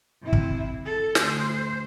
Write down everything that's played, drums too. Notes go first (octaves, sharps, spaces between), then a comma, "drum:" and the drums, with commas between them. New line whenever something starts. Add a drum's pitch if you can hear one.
C3 E4
drum: kick
A4
D2 C5, drum: snare